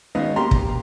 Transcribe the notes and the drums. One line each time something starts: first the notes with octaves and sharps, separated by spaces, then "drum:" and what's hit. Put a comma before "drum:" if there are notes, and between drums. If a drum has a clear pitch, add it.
G#1 D#3 B3 D#5 F5
A#3 G4 A#5 C6
drum: kick